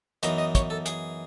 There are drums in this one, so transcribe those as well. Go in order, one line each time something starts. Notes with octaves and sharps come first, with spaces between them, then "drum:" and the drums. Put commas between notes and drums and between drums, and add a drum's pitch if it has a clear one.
F#2 E3 B3 D#4 D#5, drum: hi-hat
D#5
C#5, drum: kick, hi-hat
A4
G#4, drum: hi-hat